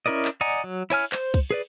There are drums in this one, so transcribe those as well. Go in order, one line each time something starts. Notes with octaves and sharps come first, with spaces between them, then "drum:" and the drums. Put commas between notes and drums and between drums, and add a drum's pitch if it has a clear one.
C#4 E4 A#4 D5 D#5
drum: clap
D5 D#5 F#5 G#5 A#5
F#3
E4 C#5 G#5 F6, drum: cymbal
C5, drum: clap
drum: kick C2, cymbal
G#4 B4 D5